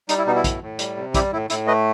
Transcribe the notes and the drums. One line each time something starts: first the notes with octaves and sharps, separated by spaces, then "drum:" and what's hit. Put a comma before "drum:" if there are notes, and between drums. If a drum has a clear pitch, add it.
G3 D#4, drum: hi-hat
E4
B2 D#4
E4
A2, drum: kick, hi-hat
A2
G3, drum: hi-hat
C3
G3 E4 G4, drum: kick, hi-hat
A2 E4
A2 E4, drum: hi-hat
A3 B4 D#5